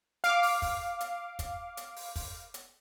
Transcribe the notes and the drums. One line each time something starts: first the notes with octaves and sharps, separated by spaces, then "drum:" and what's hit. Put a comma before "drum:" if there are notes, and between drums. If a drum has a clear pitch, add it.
F5 D6, drum: hi-hat
drum: open hi-hat
drum: kick, open hi-hat
drum: hi-hat
drum: kick, hi-hat
drum: hi-hat
drum: open hi-hat
drum: kick, open hi-hat
drum: hi-hat